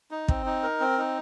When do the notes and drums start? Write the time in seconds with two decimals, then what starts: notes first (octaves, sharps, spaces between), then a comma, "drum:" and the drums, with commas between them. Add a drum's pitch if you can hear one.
0.11 D#4
0.28 C4, drum: kick
0.46 D#4
0.63 A#4
0.80 C4
0.98 D#4